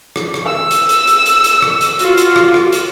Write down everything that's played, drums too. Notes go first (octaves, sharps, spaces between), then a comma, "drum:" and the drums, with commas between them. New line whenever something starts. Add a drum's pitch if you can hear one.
drum: rim click
drum: rim click
E6
drum: hi-hat
drum: hi-hat
drum: hi-hat
drum: hi-hat
drum: hi-hat
drum: rim click
drum: hi-hat
F4 F#4, drum: hi-hat
drum: hi-hat
drum: rim click
drum: rim click
drum: hi-hat